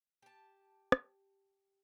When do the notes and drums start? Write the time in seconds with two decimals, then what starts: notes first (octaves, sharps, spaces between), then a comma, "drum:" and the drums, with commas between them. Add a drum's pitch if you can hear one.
0.22 G4 A5
0.92 drum: rim click